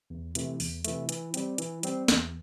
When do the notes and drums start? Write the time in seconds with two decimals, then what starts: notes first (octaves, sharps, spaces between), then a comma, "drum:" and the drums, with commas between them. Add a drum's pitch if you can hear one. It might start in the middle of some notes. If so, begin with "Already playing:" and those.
0.10 E2
0.35 C3 E3 A3, drum: hi-hat
0.60 E2, drum: open hi-hat
0.85 C3 E3 A3, drum: hi-hat
1.09 E3, drum: hi-hat
1.34 G3 C4, drum: hi-hat
1.58 E3, drum: hi-hat
1.83 G3 C4, drum: hi-hat
2.08 E2, drum: snare